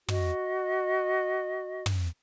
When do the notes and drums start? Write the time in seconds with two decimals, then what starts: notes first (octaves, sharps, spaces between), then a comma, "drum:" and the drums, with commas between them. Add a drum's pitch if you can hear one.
0.08 F#4 D#5, drum: tom
1.86 drum: tom